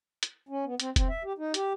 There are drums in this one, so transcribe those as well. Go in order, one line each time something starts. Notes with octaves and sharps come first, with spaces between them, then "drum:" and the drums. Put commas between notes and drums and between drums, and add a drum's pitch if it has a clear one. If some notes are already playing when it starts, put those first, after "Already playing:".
drum: hi-hat
C#4
B3
C4, drum: hi-hat
C4, drum: kick, hi-hat
E5
G4
D#4
G4, drum: hi-hat